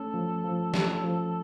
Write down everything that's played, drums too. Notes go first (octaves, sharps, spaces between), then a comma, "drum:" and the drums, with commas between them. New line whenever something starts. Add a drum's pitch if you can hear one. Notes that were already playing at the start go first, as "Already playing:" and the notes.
Already playing: A3 C#4 A4
F3
F3
C#4, drum: snare
F3